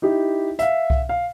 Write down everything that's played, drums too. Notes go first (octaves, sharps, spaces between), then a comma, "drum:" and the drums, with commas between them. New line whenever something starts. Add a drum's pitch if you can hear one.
D#4 E4 G4
E5 F5, drum: hi-hat
drum: kick C2
F5